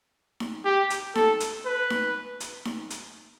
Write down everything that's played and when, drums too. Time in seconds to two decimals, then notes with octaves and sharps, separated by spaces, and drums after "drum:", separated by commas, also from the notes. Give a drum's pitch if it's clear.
0.40 drum: snare D#4
0.65 G4
0.90 drum: hi-hat
1.15 A4, drum: snare D#4
1.40 drum: hi-hat
1.66 B4
1.90 drum: snare D#4
2.40 drum: hi-hat
2.65 drum: snare D#4
2.90 drum: hi-hat